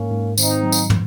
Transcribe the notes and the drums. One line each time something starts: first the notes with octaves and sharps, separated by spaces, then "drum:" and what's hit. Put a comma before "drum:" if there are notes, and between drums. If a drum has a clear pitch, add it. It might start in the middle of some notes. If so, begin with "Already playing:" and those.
Already playing: G#2 A#3 C#4
G#2
D#3 C4 D#4, drum: tambourine
F#3
drum: tambourine
drum: tom